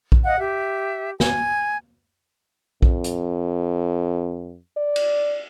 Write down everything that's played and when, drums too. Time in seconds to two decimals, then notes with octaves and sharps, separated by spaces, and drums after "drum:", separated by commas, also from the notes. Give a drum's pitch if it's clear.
0.12 drum: kick A#1
0.23 D#5 F5 F#5
0.38 G4 E5
1.20 G#5, drum: snare
2.82 F2, drum: kick A#1
3.04 drum: hi-hat
4.77 D5
4.96 drum: cymbal